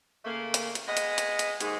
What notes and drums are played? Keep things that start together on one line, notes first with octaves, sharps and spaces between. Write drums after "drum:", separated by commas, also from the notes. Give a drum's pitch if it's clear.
C#3 A3 A#3
drum: hi-hat
drum: hi-hat
G#3 B3 D#5
drum: hi-hat
drum: hi-hat
drum: hi-hat
D#2 G#2 G#3 D#4 G#4, drum: hi-hat